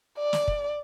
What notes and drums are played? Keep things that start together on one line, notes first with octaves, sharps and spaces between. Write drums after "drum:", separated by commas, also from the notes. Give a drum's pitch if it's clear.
D5
drum: snare
drum: kick